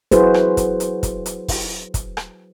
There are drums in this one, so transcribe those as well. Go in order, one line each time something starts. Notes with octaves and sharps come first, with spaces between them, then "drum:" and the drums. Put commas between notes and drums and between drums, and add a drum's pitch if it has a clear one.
F#3 E4 F#4 G#4 B4 C5, drum: kick, hi-hat
drum: rim click
drum: kick, hi-hat
drum: hi-hat
drum: kick, hi-hat
drum: hi-hat
drum: kick, open hi-hat
drum: kick, hi-hat
drum: rim click